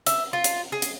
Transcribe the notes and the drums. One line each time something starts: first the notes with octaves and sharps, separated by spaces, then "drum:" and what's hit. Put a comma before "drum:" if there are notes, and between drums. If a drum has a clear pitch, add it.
E5, drum: hi-hat
F4
drum: hi-hat
G#4
drum: hi-hat